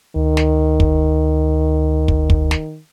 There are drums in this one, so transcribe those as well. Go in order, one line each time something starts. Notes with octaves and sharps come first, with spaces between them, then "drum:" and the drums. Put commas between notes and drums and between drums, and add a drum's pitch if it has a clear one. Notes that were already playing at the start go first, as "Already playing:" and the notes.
D2 D#3
drum: snare
drum: kick
drum: kick
drum: kick
drum: snare